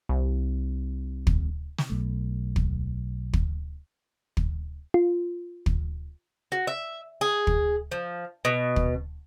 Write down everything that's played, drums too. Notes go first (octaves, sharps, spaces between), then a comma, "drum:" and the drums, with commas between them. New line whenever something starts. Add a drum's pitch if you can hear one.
C2
drum: kick
drum: snare
B1 A3
drum: kick
drum: kick
drum: kick
F4
drum: kick
F#4
E5
G#4
drum: kick
F3
B2
drum: kick